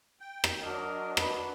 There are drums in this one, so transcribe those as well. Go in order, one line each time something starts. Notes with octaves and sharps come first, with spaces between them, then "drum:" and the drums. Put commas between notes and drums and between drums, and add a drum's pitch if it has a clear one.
G5
drum: rim click
F#3 D4 A#4 D#5
B4, drum: rim click